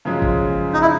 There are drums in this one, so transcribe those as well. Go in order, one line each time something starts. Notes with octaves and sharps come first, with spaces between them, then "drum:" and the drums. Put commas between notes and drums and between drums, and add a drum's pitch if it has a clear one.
F#2 C#3 F3 G#3
drum: kick
D#4
E4